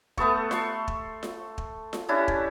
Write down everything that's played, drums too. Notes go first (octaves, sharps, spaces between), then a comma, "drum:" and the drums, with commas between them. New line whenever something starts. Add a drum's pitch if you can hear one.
A3 B3 A4 C#6, drum: kick
C6 C#6, drum: snare F4
drum: kick
drum: snare F4
drum: kick
drum: snare F4
C#4 D4 E4 G4
drum: kick